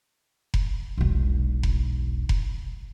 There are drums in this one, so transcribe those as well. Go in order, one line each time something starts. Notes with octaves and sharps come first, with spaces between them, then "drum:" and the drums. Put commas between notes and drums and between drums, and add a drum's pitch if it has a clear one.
drum: kick F1
E1 B1
drum: kick F1
drum: kick F1